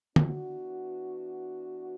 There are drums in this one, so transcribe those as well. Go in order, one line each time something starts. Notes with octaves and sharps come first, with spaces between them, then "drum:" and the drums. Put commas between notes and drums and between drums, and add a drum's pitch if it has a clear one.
E3 B3 D4 F#4, drum: tom